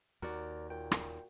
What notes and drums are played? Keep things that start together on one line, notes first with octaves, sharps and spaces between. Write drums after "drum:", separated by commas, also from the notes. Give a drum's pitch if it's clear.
D#2 F#4 A#4 D5
A#2 G5
drum: rim click